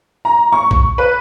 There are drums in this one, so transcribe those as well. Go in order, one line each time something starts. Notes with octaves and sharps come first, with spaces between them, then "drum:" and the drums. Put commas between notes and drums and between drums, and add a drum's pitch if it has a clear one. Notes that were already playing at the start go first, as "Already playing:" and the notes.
A#5
C#6
drum: kick A#1
B4